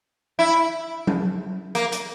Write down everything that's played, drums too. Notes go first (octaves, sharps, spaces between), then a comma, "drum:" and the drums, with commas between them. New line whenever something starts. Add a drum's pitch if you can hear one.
E4
drum: tom F#3
A#3, drum: hi-hat
drum: hi-hat